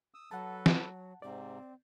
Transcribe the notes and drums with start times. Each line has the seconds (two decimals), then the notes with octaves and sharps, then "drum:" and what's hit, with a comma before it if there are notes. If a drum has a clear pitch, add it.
0.14 D#6 E6
0.31 F#3 A4 B4 F#5 A5
0.66 drum: snare
1.22 G#2 C3 C4 D5